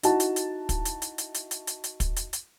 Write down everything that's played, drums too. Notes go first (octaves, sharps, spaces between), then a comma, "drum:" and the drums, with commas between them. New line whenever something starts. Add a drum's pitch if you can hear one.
D#4 E4 F#4 A5, drum: hi-hat
drum: hi-hat
drum: hi-hat
drum: kick, hi-hat
drum: hi-hat
drum: hi-hat
drum: hi-hat
drum: hi-hat
drum: hi-hat
drum: hi-hat
drum: hi-hat
drum: kick, hi-hat
drum: hi-hat
drum: hi-hat